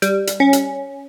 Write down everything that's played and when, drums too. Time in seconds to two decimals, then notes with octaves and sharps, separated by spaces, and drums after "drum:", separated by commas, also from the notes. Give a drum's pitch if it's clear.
0.02 G3, drum: hi-hat
0.27 drum: hi-hat
0.40 C#4
0.53 drum: hi-hat